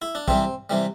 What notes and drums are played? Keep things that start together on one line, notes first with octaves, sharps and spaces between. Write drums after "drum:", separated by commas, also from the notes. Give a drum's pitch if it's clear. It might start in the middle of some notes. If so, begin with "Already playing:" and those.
E4
D4
C3 E3 G3 C4, drum: kick A#1
C3 E3 G3